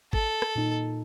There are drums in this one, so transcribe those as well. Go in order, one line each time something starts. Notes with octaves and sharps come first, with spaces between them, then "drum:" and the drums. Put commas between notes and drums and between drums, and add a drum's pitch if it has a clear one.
A4, drum: kick G#1
drum: rim click
A#2 D#4